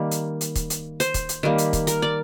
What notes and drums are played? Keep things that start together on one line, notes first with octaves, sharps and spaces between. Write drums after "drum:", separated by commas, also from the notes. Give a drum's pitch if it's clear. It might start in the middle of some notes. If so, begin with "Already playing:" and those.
Already playing: D#3 G3 A#3
drum: hi-hat
drum: hi-hat
drum: kick, hi-hat
drum: hi-hat
C5, drum: hi-hat
drum: kick, hi-hat
drum: hi-hat
D#3 G3 A#3
drum: hi-hat
drum: kick, hi-hat
A#4, drum: hi-hat
D5